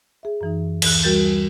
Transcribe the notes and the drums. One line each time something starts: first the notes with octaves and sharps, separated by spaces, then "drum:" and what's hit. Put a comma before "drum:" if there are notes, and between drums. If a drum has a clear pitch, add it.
G#4 E5
F#2 E3 D#4
D2 E3 F#6, drum: cymbal
G3 F#4 A#4 G6 A6
G3